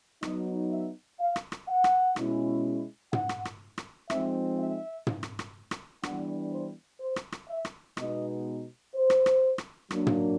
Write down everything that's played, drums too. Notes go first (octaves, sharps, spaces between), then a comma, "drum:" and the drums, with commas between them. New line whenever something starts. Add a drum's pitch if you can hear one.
F#3 B3 D#4 D#5, drum: rim click
E5
F5
drum: rim click
drum: rim click
F#5
drum: rim click
B2 G#3 C#4 E4, drum: rim click
F#5, drum: tom
drum: rim click
drum: rim click
drum: rim click
F3 G#3 C4 D#4 E5, drum: rim click
E5
drum: tom
drum: rim click
drum: rim click
drum: rim click
E3 G3 B3 D4 F#5, drum: rim click
C5
C5
drum: rim click
drum: rim click
E5
drum: rim click
B2 G#3 B3 D#4 D#5, drum: rim click
C5
drum: rim click
drum: rim click
drum: rim click
F#3 A#3 D4, drum: rim click
drum: tom